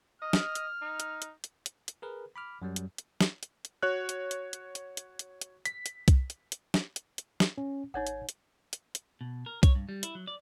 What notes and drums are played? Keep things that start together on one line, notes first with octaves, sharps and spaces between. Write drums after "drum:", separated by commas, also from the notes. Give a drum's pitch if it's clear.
D#5 F6
drum: snare
drum: hi-hat
D#4
drum: hi-hat
drum: hi-hat
drum: hi-hat
drum: hi-hat
drum: hi-hat
G#4 A#4 B4
B5 D6 F6
F#2 F#3 G3
drum: hi-hat
drum: hi-hat
drum: snare
drum: hi-hat
drum: hi-hat
F#4 C#5 F#6
drum: hi-hat
drum: hi-hat
drum: hi-hat
drum: hi-hat
drum: hi-hat
drum: hi-hat
drum: hi-hat
B6, drum: hi-hat
drum: hi-hat
drum: kick C2, hi-hat
drum: hi-hat
drum: hi-hat
drum: snare
drum: hi-hat
drum: hi-hat
drum: snare
C#4
G#1 D#4 C#5 F#5 G#6
drum: hi-hat
drum: hi-hat
drum: hi-hat
drum: hi-hat
B2
A#4
C#5, drum: kick C2, hi-hat
G2
G3
E4, drum: hi-hat
F#3
D5